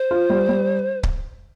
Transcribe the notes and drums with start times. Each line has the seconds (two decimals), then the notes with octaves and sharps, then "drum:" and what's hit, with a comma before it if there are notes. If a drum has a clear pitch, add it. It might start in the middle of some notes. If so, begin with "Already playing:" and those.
Already playing: C5
0.11 F4
0.30 G3
0.49 G3
1.03 drum: kick C#1